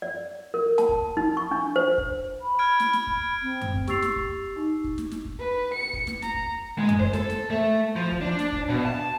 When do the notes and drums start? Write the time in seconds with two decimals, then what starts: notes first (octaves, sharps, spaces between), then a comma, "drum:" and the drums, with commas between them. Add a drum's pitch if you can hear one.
0.02 D5
0.54 A#4
0.78 A5, drum: snare
0.89 drum: kick
1.17 D#4
1.37 C#6
1.51 D4
1.76 C5
1.98 drum: kick
2.42 B5
2.59 F6 G#6 D7
2.80 drum: snare
2.93 drum: snare
3.07 drum: kick
3.42 C4
3.61 drum: tom F#2
3.75 drum: kick
3.87 G4 C#6 E6 A6 C7 F7, drum: snare
4.02 drum: snare
4.16 drum: kick
4.56 D#4
4.84 drum: kick
4.98 drum: snare
5.11 drum: snare
5.25 drum: kick
5.39 B4
5.74 C#7
5.93 drum: kick
6.07 drum: snare
6.22 A#5, drum: snare
6.34 drum: kick
6.78 G#3
6.89 drum: tom F#2
7.00 C5, drum: kick
7.13 A4, drum: snare
7.30 drum: snare
7.50 A3
7.96 F3
8.11 drum: kick
8.21 D4
8.39 drum: snare
8.52 drum: kick
8.69 B2
8.85 A5